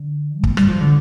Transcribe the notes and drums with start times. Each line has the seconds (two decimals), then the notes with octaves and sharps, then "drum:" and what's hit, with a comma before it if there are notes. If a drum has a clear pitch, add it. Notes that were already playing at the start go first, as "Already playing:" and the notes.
Already playing: D3
0.43 A#3, drum: kick
0.57 G3, drum: rim click
0.68 F3
0.81 D3